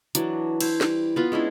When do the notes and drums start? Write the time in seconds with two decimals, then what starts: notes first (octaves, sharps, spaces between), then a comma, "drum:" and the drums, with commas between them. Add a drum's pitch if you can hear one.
0.15 E3 F#3 D4, drum: hi-hat
0.61 E4 C5, drum: cymbal
0.81 G3, drum: snare
1.16 B3 F4 B4
1.32 G#3 C#4 D4 E4